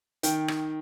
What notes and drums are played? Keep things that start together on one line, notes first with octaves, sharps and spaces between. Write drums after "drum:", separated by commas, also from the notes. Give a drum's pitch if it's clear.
D#3 G5, drum: hi-hat
drum: rim click